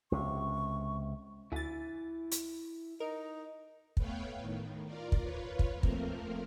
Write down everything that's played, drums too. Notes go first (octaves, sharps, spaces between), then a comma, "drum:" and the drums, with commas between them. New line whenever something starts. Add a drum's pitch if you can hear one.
C#2 C3 C#6
D2 E4 G#5 A6
drum: hi-hat
D#4 A#4
A3 B3 B4 C#5 F5 G5, drum: kick
A2 D#3
F4 A#4 D5
drum: kick
F4 B4 C#5
drum: kick
F3 A3 A#3 C4 A#4
drum: kick